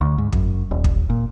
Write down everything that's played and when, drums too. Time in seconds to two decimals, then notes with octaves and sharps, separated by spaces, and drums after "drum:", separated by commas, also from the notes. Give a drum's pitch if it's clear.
0.01 D2
0.18 G#2
0.32 F#2, drum: kick
0.71 D#1
0.84 drum: kick
1.10 A#2